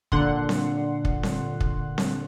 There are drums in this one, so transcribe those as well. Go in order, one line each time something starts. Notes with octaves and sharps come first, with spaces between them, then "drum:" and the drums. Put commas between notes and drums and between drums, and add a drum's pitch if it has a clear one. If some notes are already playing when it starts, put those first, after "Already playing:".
A#2 D3 F#5 C6, drum: kick
drum: snare C4
drum: kick
drum: snare C4
drum: kick
drum: snare C4